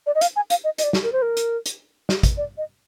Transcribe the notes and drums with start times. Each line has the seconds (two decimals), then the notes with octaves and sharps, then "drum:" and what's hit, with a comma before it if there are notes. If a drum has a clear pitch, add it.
0.06 D5
0.15 D#5
0.21 F5, drum: hi-hat
0.36 G#5
0.50 F5, drum: hi-hat
0.64 D#5
0.78 D#5, drum: hi-hat
0.83 D5
0.93 drum: snare
1.03 A#4
1.12 C5
1.22 A#4
1.37 drum: hi-hat
1.66 drum: hi-hat
2.09 drum: snare
2.23 drum: kick, hi-hat
2.37 D5
2.57 D#5